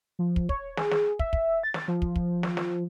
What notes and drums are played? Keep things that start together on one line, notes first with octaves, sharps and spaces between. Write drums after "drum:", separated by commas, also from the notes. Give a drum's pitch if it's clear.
F3
drum: kick
C#5, drum: kick
G#4, drum: snare
drum: snare
E5, drum: kick
drum: kick
A6
drum: snare
F3
drum: kick
drum: kick
drum: snare
drum: snare